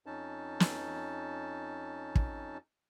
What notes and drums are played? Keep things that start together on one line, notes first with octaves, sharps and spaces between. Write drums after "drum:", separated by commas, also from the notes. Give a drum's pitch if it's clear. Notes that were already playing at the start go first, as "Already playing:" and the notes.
F2 C#4 D#4 A5
drum: snare
drum: kick